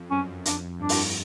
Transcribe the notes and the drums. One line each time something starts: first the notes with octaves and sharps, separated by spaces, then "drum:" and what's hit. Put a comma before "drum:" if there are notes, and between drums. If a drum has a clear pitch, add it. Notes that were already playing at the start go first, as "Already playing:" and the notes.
Already playing: F2
F#2 C#4
F2 D4, drum: hi-hat
G2 D4
drum: open hi-hat